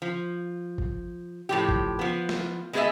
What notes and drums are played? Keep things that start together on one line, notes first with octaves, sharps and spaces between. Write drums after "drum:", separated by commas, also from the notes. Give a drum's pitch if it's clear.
F3
drum: kick
A2 F3 G4
drum: kick
F3 B3
drum: snare
G#3 B3 G#4 C5 D#5 E5